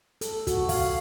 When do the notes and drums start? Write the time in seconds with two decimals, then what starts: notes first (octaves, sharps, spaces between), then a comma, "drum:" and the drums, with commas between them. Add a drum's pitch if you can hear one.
0.21 A4, drum: hi-hat
0.47 F#4, drum: kick, hi-hat
0.69 F5, drum: kick, open hi-hat